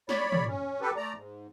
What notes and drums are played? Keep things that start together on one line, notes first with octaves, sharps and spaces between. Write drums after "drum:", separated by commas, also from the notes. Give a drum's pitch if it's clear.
C#5 D5 B5, drum: snare
drum: tom
C#4
G4 A4 B4
A3 D5 A#5
G#2